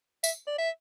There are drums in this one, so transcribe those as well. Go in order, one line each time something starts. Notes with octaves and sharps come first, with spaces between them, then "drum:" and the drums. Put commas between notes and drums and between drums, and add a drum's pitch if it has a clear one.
E5, drum: tambourine
D5
E5